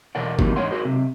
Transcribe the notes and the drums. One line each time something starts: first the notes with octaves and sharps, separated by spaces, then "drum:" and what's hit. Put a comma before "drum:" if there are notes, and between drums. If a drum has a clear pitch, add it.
E2 B2 A#4 D5 F#5
C3 D#3 E3 F#3 G3 A#3, drum: kick G1
E2 G#2 C#5 F#5 C6
F#4 G#4 A#4 C5
B1 C3